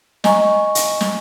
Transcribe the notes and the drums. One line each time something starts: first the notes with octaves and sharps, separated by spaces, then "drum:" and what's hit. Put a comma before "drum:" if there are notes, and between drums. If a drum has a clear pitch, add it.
D#5 G#5 A#5 C#6, drum: snare
drum: hi-hat
drum: snare